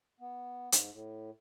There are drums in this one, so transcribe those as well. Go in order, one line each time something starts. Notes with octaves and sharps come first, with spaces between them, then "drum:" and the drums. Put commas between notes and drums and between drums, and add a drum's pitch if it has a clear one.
B3
G#2, drum: hi-hat
A2